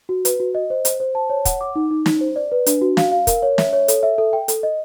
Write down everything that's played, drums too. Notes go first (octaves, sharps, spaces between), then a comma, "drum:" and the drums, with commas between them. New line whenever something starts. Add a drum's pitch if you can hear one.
F#4
B4, drum: hi-hat
F#4
D#5
C5
C5, drum: hi-hat
C5
A5
C#5
F#5, drum: kick, hi-hat
D6
D#4
D#4
D#4, drum: snare
C5
D5
B4
D4, drum: hi-hat
F#4
F5, drum: snare
F5
A#4, drum: kick, hi-hat
C#5
E5, drum: snare
C#5
A4, drum: hi-hat
E5
A4
G5
A4, drum: hi-hat
D#5